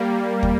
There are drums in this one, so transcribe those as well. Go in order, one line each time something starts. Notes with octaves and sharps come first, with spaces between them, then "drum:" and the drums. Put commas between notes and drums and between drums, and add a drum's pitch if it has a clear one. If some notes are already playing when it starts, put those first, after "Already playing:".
Already playing: G3 A#3
drum: kick